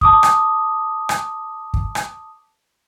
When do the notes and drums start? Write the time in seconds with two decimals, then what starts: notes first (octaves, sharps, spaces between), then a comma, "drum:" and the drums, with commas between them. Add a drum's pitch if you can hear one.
0.01 A5 D6 D#6, drum: kick
0.23 drum: rim click
1.09 drum: rim click
1.74 drum: kick
1.95 drum: rim click